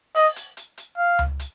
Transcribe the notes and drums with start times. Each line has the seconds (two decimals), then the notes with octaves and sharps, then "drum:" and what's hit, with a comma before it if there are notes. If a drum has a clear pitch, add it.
0.15 D#5, drum: open hi-hat
0.36 drum: hi-hat
0.57 drum: hi-hat
0.77 drum: hi-hat
0.98 F5
1.19 drum: tom C#2
1.39 drum: hi-hat